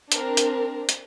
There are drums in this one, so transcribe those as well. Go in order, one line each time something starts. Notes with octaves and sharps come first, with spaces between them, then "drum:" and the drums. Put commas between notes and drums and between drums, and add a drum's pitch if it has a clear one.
C4 D4 A#4, drum: hi-hat
drum: hi-hat
drum: hi-hat